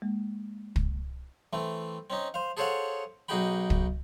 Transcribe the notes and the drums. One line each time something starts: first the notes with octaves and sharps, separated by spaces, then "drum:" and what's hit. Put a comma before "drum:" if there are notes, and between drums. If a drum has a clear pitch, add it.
G#3 A#3
drum: kick
E3 A3 C4
C4 C#4 D#4
C5 F5
G#4 A4 C5 C#5 F5 F#5
B1 D#4 F#4 G#4 G5 B5
drum: kick